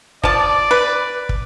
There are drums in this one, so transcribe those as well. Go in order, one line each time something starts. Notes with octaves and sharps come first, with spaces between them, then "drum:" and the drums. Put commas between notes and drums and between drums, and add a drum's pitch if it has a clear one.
F3 D5 A5, drum: kick
B4
drum: kick